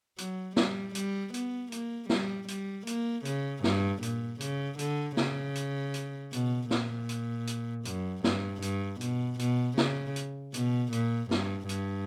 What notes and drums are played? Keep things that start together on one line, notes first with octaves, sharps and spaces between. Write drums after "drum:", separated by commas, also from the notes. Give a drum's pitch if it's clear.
F#3, drum: hi-hat
G3, drum: snare
G3, drum: hi-hat
B3, drum: hi-hat
A#3, drum: hi-hat
G3, drum: snare
G3, drum: hi-hat
A#3, drum: hi-hat
C#3, drum: hi-hat
G2, drum: snare
A#2, drum: hi-hat
C#3, drum: hi-hat
D3, drum: hi-hat
C#3, drum: snare
drum: hi-hat
drum: hi-hat
B2, drum: hi-hat
A#2, drum: snare
drum: hi-hat
drum: hi-hat
F#2, drum: hi-hat
G2, drum: snare
G2, drum: hi-hat
B2, drum: hi-hat
B2, drum: hi-hat
C#3, drum: snare
drum: hi-hat
B2, drum: hi-hat
A#2, drum: hi-hat
G2, drum: snare
G2, drum: hi-hat